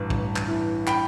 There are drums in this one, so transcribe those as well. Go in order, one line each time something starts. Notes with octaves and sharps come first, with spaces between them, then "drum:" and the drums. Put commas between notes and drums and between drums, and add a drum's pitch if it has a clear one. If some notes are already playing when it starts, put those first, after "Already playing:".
Already playing: A1 G2
A1, drum: kick
drum: clap
E3
G5 B5, drum: clap